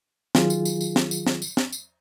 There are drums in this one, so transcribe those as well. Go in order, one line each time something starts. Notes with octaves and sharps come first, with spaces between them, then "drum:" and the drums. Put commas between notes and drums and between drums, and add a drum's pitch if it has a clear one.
D#3 F#3 F4 G#4, drum: snare
drum: tambourine
drum: tambourine
drum: tambourine
drum: snare
drum: tambourine
drum: snare
drum: tambourine
drum: snare
drum: tambourine